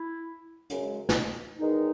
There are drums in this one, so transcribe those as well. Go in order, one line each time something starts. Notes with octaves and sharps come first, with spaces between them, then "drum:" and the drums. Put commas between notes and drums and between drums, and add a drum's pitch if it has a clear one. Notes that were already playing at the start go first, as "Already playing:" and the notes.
Already playing: E4
F#2 C#3 G#3, drum: hi-hat
drum: snare
E2 D#3 G#3 D#4